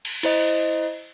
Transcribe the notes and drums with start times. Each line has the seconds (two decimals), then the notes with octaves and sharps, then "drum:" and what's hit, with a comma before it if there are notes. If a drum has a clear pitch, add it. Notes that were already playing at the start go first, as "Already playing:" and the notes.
0.05 drum: cymbal
0.23 E4 C5 D#5, drum: cymbal